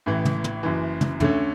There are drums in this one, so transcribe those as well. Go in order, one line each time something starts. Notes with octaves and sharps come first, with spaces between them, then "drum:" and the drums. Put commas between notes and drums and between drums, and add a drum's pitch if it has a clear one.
A1 A2 E3
drum: tom
drum: tom
F#1 F#2 E3
drum: tom
D2 D3 A3 C#4, drum: tom